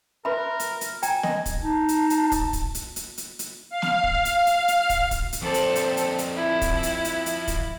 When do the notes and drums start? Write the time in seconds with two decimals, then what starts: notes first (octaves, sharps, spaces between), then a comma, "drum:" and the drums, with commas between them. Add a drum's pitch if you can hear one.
0.25 A#4 B4 E5 B5 C6
0.60 drum: hi-hat
0.81 drum: hi-hat
1.03 G5 G#5 A#5, drum: hi-hat
1.23 D#5, drum: snare
1.46 drum: kick, hi-hat
1.62 D#4 A5
1.89 drum: hi-hat
2.10 drum: hi-hat
2.32 drum: kick, hi-hat
2.53 drum: kick, hi-hat
2.75 drum: hi-hat
2.96 drum: hi-hat
3.18 drum: hi-hat
3.39 drum: hi-hat
3.69 F5
3.82 drum: snare
4.04 drum: kick
4.25 drum: hi-hat
4.47 drum: hi-hat
4.68 drum: hi-hat
4.90 drum: kick, hi-hat
5.11 drum: kick, hi-hat
5.33 drum: hi-hat
5.42 F2 A4 C5 D5
5.54 drum: hi-hat
5.76 drum: hi-hat
5.97 drum: hi-hat
6.19 drum: hi-hat
6.37 E4
6.62 drum: kick, hi-hat
6.83 drum: hi-hat
7.05 drum: hi-hat
7.26 drum: hi-hat
7.48 drum: kick, hi-hat